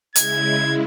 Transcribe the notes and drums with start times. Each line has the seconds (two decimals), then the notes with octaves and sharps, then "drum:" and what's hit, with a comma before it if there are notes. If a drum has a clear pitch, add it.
0.16 C#3 G#3 E4 G#6, drum: hi-hat